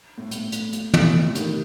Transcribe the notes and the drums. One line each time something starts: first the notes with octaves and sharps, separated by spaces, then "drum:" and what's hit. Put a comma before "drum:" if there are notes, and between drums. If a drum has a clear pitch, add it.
A2
A2, drum: hi-hat
drum: hi-hat
drum: hi-hat
drum: tom
A2
C3
D#3, drum: hi-hat
C3